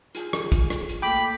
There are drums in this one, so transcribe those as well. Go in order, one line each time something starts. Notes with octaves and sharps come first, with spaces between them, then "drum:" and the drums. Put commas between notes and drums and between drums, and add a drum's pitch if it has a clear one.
F4 G#4 G#5, drum: hi-hat
drum: rim click
drum: kick, hi-hat
drum: rim click
drum: hi-hat
A#2 A3 A4 G5 B5 D6